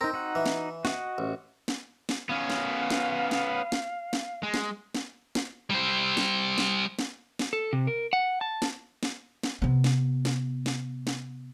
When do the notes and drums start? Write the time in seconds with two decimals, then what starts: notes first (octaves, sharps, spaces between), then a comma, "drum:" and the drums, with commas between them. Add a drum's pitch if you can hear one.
0.01 C4 D#4 A#4
0.14 D#4 F#4 F#5
0.35 E3
0.46 drum: snare
0.85 F#4 D#5 F#5, drum: snare
1.18 A1
1.68 drum: snare
2.09 drum: snare
2.29 B3 C#4 F5
2.50 drum: snare
2.90 drum: snare
3.31 drum: snare
3.72 drum: snare
4.13 drum: snare
4.43 G#3
4.54 drum: snare
4.95 drum: snare
5.35 drum: snare
5.70 G3 C5
6.17 drum: snare
6.58 drum: snare
6.99 drum: snare
7.39 drum: snare
7.53 A4
7.73 C3
7.87 A#4
8.13 F#5
8.41 A5
8.62 drum: snare
9.03 drum: snare
9.43 drum: snare
9.62 C3 B3
9.84 drum: snare
10.25 drum: snare
10.66 drum: snare
11.07 drum: snare